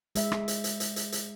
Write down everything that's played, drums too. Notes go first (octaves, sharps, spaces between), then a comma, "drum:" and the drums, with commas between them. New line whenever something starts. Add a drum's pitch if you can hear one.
G#3 E5, drum: hi-hat
drum: rim click
drum: hi-hat
drum: hi-hat
drum: hi-hat
drum: hi-hat
drum: hi-hat